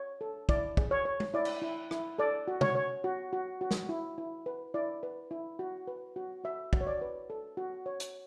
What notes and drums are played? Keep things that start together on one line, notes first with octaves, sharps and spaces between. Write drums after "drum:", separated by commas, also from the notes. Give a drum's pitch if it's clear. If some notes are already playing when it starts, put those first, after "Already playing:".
Already playing: C#5
A4
E4 D5, drum: kick
G#4, drum: kick
C#5
C#5
drum: tom
E4 D5
drum: cymbal
E4
E4, drum: rim click
A4 D5
F#4
C#5, drum: tom C3
C#5
F#4
F#4
F#4
drum: snare
E4
E4
B4
E4 D5
B4
E4
F#4
B4
F#4
F#4 E5
F#4, drum: kick
C#5
D5
B4
A4
F#4
C#5
drum: hi-hat